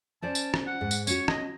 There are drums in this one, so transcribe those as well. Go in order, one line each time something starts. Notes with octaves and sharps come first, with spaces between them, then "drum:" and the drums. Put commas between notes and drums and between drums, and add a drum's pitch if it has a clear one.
C#4 C5 D5 A5
drum: tambourine
drum: rim click
F#5
G#2
drum: tambourine
C#4 F#4 C#5, drum: tambourine
D#5, drum: rim click